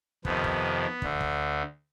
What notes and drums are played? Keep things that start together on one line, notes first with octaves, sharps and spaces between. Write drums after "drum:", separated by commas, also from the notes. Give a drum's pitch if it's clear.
F2 C3 D#3 B3, drum: kick
drum: kick
D2 D3, drum: kick
drum: kick